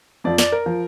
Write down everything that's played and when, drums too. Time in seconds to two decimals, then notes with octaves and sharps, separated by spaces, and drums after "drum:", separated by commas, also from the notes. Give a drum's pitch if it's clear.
0.24 F2 F3 D5
0.38 D5, drum: snare
0.52 A#4
0.66 F3